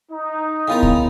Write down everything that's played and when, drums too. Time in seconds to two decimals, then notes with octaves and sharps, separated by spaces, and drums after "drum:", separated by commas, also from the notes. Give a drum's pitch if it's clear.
0.11 D#4
0.68 C#3 B3 E4 F4 A#4 G5
0.83 drum: kick C2